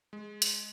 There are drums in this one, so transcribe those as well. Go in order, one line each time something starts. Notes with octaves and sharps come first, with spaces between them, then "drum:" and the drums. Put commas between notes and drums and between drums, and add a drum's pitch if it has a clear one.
G#3
drum: hi-hat